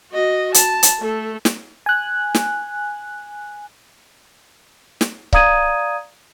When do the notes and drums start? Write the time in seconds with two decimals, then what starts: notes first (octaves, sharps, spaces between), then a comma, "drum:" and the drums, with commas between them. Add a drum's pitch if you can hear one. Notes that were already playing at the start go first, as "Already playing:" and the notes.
0.11 F#4 D#5
0.54 A5, drum: hi-hat
0.83 drum: hi-hat
1.00 A3 A4
1.45 drum: snare
1.86 G#5 F#6
2.35 drum: snare
5.01 drum: snare
5.33 D5 F5 A#5 D#6 G#6 D#7, drum: kick C#1